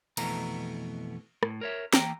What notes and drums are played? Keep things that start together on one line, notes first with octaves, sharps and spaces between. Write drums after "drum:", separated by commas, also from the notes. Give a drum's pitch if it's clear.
F2 B2 E3 A3 B3 A#5, drum: cymbal
A2, drum: rim click
A#4 C#5 E5
E3 A#3 G5 A#5, drum: snare